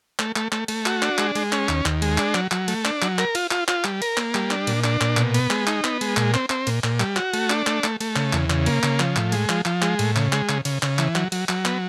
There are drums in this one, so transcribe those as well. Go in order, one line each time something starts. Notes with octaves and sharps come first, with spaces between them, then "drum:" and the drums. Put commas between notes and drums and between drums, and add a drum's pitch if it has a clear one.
A3, drum: clap
A3, drum: clap
A3, drum: clap
A3, drum: cymbal
F#4, drum: clap
D4, drum: clap
G#3, drum: clap
G#3, drum: cymbal
C#4, drum: clap
D#2, drum: clap
D#2, drum: clap
G#3, drum: cymbal
D4, drum: clap
F#3, drum: clap
F#3, drum: clap
A3, drum: cymbal
D4, drum: clap
F#3, drum: clap
A#4, drum: clap
F4, drum: cymbal
F4, drum: clap
F4, drum: clap
G3, drum: clap
A#4, drum: cymbal
A#3, drum: clap
G3, drum: clap
D4, drum: clap
A#2, drum: cymbal
D4, drum: clap
A#2, drum: clap
B2, drum: clap
B3, drum: cymbal
G#3, drum: clap
D#4, drum: clap
B3, drum: clap
G#3, drum: cymbal
A#2, drum: clap
C4, drum: clap
C4, drum: clap
A#2, drum: cymbal
A#2, drum: clap
G3, drum: clap
F#4, drum: clap
A3, drum: cymbal
D4, drum: clap
A3, drum: clap
A3, drum: clap
A3, drum: cymbal
C#3, drum: clap
E2, drum: clap
C#3, drum: clap
A#3, drum: cymbal
C#3, drum: clap
F3, drum: clap
A2, drum: clap
G#3, drum: cymbal
F3, drum: clap
F3, drum: clap
G#3, drum: clap
A2, drum: cymbal
C#3, drum: clap
G#3, drum: clap
C#3, drum: clap
C#3, drum: cymbal
C#3, drum: clap
E3, drum: clap
F#3, drum: clap
F#3, drum: cymbal
F#3, drum: clap
B3, drum: clap